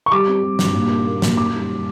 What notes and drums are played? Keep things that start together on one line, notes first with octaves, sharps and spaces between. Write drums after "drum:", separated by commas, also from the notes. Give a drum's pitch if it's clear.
C#6
G3 D6
C4
G3
G2, drum: snare
A#2
A#3
A#3
A#2, drum: snare
F#2 D6
G3